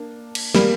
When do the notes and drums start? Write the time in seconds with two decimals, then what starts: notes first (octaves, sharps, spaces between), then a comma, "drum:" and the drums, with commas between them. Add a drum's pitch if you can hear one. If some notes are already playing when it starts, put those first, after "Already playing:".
Already playing: A#3 D4
0.35 drum: cymbal
0.55 G3 A#3, drum: snare